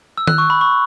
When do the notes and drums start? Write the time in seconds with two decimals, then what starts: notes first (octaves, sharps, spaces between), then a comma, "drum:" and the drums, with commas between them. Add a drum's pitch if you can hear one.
0.18 E6
0.27 F#6, drum: tom D#3
0.38 C#6
0.50 B5
0.61 C#6